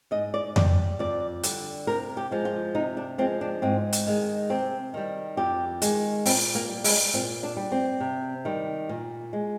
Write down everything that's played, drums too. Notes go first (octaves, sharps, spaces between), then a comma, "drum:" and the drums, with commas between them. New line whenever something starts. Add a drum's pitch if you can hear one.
G#2 D#5
D5
G3 D5, drum: tom F2
F2 D5
D3 G3, drum: hi-hat
C3 A#4
G4
F3 G#3
F4
C3 D#4
D4
F3 G#3 C4
D4
G#2 C4
drum: hi-hat
D#3 G#3
C3 C4
D#3 G3
F2 G4
D#3 G#3, drum: hi-hat
A#2 C4, drum: open hi-hat
A#3
G3
G#3, drum: open hi-hat
A#2 C4
D4
G3
C4
C3
D#3 G3
A#2
G#3